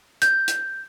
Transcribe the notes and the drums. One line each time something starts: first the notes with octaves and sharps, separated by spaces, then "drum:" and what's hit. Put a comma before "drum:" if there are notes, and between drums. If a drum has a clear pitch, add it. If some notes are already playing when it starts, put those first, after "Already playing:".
G6, drum: hi-hat
drum: hi-hat